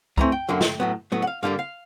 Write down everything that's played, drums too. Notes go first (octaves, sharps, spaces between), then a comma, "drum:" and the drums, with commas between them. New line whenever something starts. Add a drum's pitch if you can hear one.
G2 E3 A3 C4 A#5, drum: kick
G5
F#2 D3 F#3 A#3
drum: snare
A2 F#3 B3
A2 F#3 B3
F#5
F5
G2 D3 G3 A#3 F5
F5